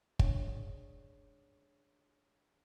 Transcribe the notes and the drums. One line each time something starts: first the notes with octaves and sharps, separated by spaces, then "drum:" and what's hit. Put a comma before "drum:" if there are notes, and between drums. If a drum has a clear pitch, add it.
D4 G#4 C#5, drum: kick